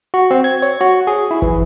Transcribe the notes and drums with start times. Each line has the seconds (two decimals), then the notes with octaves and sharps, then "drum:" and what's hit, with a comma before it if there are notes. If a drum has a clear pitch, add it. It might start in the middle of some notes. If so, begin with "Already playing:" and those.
0.14 F#4
0.31 C4
0.44 G#6
0.62 C#5
0.81 F#4
1.07 G#4
1.31 E4
1.42 E3, drum: kick